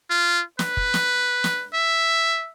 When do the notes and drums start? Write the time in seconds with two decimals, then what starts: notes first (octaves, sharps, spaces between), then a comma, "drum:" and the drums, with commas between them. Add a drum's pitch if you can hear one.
0.10 F4
0.59 B4, drum: snare
0.77 drum: kick
0.94 drum: snare
1.44 drum: snare
1.73 E5